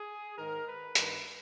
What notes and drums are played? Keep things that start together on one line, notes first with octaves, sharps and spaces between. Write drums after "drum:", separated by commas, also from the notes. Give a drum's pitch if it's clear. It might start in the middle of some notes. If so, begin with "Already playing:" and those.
Already playing: G#4
G#2 D#3 A#4
B4
G2 D#3, drum: hi-hat